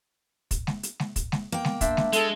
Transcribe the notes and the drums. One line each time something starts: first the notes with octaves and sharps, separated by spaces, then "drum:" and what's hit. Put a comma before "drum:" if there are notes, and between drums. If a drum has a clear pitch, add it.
drum: kick, hi-hat
drum: snare G#3
drum: hi-hat
drum: snare G#3
drum: kick, hi-hat
drum: snare G#3
A#3 G5
drum: snare G#3
D4 C5 E5, drum: kick, hi-hat
drum: snare G#3
G#3 A4, drum: hi-hat